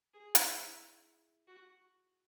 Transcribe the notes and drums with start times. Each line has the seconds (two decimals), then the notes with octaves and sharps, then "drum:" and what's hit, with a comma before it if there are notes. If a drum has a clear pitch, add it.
0.14 G#4
0.35 drum: hi-hat
0.47 E4
1.47 F#4